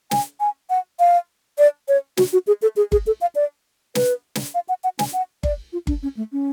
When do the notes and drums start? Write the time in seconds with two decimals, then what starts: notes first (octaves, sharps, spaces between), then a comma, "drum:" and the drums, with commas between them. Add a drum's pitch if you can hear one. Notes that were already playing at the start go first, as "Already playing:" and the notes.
0.11 G#5, drum: snare
0.40 G#5
0.70 F#5
0.99 F5
1.58 D5
1.88 C#5
2.17 F#4, drum: snare
2.33 F#4
2.47 G#4
2.62 A4
2.76 G#4
2.92 G#4, drum: kick G1
3.07 A4
3.21 F5
3.35 D5
3.95 B4, drum: snare
4.35 drum: snare
4.55 F5
4.69 F#5
4.84 F#5
4.99 G#5, drum: snare
5.13 F#5
5.43 D5, drum: kick G1
5.73 F4
5.87 D4, drum: kick G1
6.03 C#4
6.17 A3
6.32 C#4